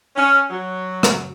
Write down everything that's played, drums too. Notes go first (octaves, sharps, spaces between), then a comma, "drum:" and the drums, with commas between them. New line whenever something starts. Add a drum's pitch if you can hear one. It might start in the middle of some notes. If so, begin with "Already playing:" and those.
C#4
F#3
drum: rim click